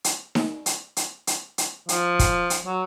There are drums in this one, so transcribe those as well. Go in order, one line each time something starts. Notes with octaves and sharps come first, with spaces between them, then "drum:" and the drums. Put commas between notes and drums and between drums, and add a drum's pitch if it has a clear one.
drum: hi-hat
drum: snare D#4
drum: hi-hat
drum: hi-hat
drum: hi-hat
drum: hi-hat
F3, drum: hi-hat
drum: kick, hi-hat
drum: hi-hat
F#3